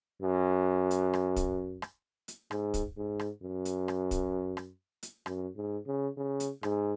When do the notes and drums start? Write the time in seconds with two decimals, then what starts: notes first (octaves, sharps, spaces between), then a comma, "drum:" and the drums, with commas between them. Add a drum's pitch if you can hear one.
0.22 F#2
0.91 drum: hi-hat
1.14 drum: rim click
1.36 drum: kick, hi-hat
1.82 drum: rim click
2.28 drum: hi-hat
2.51 G#2, drum: rim click
2.74 drum: kick, hi-hat
2.97 G#2
3.20 drum: rim click
3.42 F#2
3.65 drum: hi-hat
3.88 drum: rim click
4.11 drum: kick, hi-hat
4.57 drum: rim click
5.03 drum: hi-hat
5.26 F#2, drum: rim click
5.56 G#2
5.87 C#3
6.17 C#3
6.40 drum: hi-hat
6.63 G#2, drum: rim click